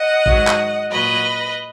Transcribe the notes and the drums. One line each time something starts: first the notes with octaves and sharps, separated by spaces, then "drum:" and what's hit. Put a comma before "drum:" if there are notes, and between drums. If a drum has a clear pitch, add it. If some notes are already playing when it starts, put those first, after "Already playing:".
Already playing: D#5 F#5
G#2 D#3 F#3, drum: kick A#1
drum: clap
A#2 F#3 B4 D#5